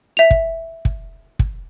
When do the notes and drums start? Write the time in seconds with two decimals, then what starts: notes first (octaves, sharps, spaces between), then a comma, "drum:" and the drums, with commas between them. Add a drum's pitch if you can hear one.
0.17 E5 F7
0.31 drum: kick
0.85 drum: kick
1.39 drum: kick